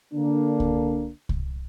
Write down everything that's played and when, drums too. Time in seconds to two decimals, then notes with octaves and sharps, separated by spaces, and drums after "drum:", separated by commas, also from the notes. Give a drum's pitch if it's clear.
0.14 D3 A#3 D4
0.60 drum: kick C2
1.29 drum: kick C2